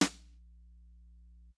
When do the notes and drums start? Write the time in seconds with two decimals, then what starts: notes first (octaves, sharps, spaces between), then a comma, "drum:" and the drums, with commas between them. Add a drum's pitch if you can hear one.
0.01 A#1, drum: snare